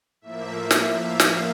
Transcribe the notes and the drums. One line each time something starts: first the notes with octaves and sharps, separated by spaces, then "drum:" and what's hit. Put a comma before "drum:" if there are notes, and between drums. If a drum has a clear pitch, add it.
A2 F3 A#3 E5
drum: snare
F5
drum: snare